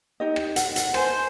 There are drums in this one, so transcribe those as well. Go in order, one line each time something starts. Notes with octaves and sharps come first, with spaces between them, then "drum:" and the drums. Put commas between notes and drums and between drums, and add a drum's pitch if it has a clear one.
D#4 G4 D#5
drum: rim click
F#5, drum: hi-hat
drum: hi-hat
B4 C5 G#5 A5, drum: rim click